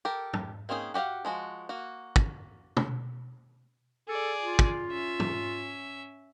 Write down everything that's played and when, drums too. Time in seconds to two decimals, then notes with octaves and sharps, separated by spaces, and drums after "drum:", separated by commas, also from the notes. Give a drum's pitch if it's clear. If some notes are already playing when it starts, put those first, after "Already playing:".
0.05 G4 A4 A#4
0.33 drum: tom
0.69 A#3 C4 C#4 D#4 G#4
0.94 F#4 G4 D#5 F5 F#5
1.25 F3 G#3 F#4
1.69 A#3 F#4
2.16 drum: kick
2.77 drum: tom
4.09 G#4 A4 D5
4.40 F4
4.59 drum: kick
4.88 C#4 E5
5.20 drum: tom